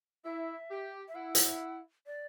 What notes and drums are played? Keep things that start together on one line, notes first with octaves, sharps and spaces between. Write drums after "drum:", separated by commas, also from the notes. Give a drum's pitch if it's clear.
E4 E5
G4
E5
E4 F#5
drum: hi-hat
D5